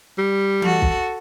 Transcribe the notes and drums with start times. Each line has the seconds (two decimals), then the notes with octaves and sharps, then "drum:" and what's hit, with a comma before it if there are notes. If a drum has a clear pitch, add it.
0.18 G3
0.62 F#4 A4, drum: tom E3
0.82 drum: kick